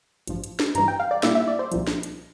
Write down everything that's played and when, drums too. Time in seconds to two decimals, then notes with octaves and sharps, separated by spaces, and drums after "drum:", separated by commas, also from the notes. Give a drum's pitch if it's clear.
0.27 A1 G2 F3, drum: hi-hat
0.44 drum: hi-hat
0.60 drum: snare
0.75 G2 E3 G3 A#5, drum: hi-hat
0.88 G5
1.00 F5
1.11 D5
1.23 A#2 G3 A#3 E4 E5, drum: snare
1.35 E5
1.48 D5
1.59 C5
1.72 C2 A#2 F3, drum: hi-hat
1.87 drum: snare
2.03 drum: hi-hat